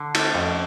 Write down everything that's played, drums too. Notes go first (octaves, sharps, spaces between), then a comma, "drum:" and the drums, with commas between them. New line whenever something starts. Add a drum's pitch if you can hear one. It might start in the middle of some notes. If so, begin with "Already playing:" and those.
Already playing: D3
A3, drum: cymbal
F2